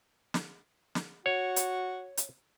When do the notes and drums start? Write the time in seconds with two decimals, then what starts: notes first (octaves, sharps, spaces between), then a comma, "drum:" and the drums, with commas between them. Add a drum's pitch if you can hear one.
0.34 drum: snare
0.95 drum: snare
1.26 F#4 C#5
1.56 drum: hi-hat
2.17 drum: hi-hat